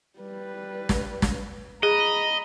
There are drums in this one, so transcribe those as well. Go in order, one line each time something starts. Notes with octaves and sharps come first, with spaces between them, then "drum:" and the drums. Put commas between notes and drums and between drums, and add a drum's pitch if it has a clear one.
G3 B4
drum: snare
drum: snare
G#4 D#5 A#5 B5